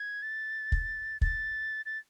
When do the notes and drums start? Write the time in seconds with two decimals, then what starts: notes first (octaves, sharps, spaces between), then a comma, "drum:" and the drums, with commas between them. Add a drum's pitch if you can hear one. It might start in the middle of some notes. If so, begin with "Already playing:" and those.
Already playing: G#6
0.22 A6
0.72 drum: kick
1.21 A6, drum: kick
1.86 A6